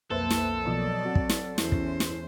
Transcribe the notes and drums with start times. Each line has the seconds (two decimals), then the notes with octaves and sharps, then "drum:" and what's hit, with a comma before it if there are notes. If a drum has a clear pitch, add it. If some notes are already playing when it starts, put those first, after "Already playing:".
0.10 B1 F2 A#3 A4 B4 C5 E5
0.30 drum: snare
0.66 B2 F3 F#3 D5
1.05 C4 F#4
1.15 drum: kick
1.29 drum: snare
1.58 E2 C#4 E4 C5, drum: snare
1.72 drum: kick
2.00 drum: snare